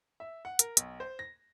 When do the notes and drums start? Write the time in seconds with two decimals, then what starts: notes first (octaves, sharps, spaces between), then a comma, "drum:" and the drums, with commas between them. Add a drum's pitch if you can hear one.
0.20 E5
0.45 F#5
0.59 A#4, drum: hi-hat
0.77 B1, drum: hi-hat
1.00 C5
1.19 A#6